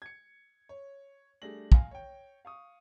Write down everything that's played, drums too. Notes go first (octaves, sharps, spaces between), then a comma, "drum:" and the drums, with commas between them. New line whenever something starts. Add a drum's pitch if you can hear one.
G#6 C#7
C#5
G3 A3 D4 G#4 A#6 F#7
F5 G#5, drum: kick
C#5 G5
F5 C#6 D#6